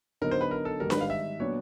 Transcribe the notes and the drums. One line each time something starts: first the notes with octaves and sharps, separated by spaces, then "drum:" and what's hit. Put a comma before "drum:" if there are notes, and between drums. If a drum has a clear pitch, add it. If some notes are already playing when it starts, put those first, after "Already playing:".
D3 F#3 B3 D#4 A#4
C5
B4
A#4
A4
G#2 D#3 G3 A#4
B4, drum: snare D4
F5
E5
A#2 F#3 B3 D4 C#5